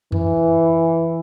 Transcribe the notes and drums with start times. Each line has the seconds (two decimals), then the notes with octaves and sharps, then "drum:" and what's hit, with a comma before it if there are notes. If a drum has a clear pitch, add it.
0.12 E3, drum: tom F2